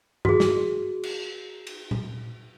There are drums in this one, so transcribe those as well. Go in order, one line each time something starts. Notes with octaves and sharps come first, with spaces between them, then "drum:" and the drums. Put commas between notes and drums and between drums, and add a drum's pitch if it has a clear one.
F#4 G#4, drum: tom G2
drum: snare
drum: cymbal
drum: cymbal
drum: tom A#2